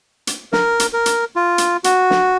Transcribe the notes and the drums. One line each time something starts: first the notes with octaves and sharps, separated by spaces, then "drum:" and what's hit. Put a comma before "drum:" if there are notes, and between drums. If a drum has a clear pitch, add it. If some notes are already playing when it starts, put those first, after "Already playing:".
drum: hi-hat
A#4, drum: snare
drum: hi-hat
A#4
drum: hi-hat
F4
drum: hi-hat
F#4, drum: hi-hat
drum: snare